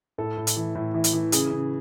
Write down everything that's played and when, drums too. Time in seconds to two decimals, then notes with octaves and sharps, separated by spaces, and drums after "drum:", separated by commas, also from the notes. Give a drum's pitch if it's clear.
0.18 A2 A4
0.38 A2
0.47 drum: hi-hat
0.56 E3
0.75 A2
0.94 E3
1.04 drum: hi-hat
1.13 E3
1.32 C#3 G#4, drum: hi-hat
1.51 C#3